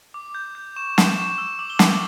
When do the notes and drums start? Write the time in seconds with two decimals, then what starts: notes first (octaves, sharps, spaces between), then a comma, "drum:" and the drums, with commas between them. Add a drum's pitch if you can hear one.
0.14 D6
0.35 G6
0.55 G6
0.76 C#6 E7
0.98 G6, drum: snare
1.17 C#6 E7
1.38 E6
1.59 D6 F#7
1.70 G7
1.79 D6 F#7, drum: snare